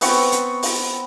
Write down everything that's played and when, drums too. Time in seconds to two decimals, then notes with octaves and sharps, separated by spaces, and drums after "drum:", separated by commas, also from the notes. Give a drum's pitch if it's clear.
0.01 B3 C4 C#6, drum: open hi-hat
0.32 drum: hi-hat
0.63 drum: open hi-hat